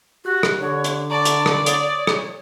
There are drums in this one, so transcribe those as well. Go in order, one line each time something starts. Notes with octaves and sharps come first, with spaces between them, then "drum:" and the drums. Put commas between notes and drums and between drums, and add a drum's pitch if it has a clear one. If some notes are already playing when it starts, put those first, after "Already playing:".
F#4 G4 F#6
drum: rim click
D3 C#5
drum: hi-hat
D5 A5 A#5 C#6
drum: hi-hat
drum: rim click
C#5 D#6, drum: hi-hat
drum: rim click